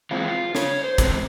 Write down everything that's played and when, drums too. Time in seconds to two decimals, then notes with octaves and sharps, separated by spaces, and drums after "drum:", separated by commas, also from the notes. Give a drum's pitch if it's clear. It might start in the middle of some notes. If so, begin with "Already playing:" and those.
0.11 E3 G#3 C4 F4
0.55 C#3 C#5, drum: snare
0.84 C5
0.98 E3 G#3 C4, drum: kick, hi-hat
1.06 C5